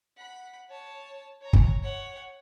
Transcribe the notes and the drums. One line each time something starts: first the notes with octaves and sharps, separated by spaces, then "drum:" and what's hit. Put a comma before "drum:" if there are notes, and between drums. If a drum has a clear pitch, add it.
F#5 B5
C#5 A5
C#5 A#5
drum: kick
C#5 F#5